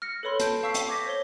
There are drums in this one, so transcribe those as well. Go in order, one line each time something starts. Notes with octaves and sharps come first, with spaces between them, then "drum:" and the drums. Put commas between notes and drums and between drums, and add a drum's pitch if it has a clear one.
F6 A#6 C#7
A4 B4 C#5 B5 C6
A5 G6 D7, drum: hi-hat
F5 A5 C#6 E6 B6 C7
drum: hi-hat
D6 G#6 A#6 B6
C5 C#5 G7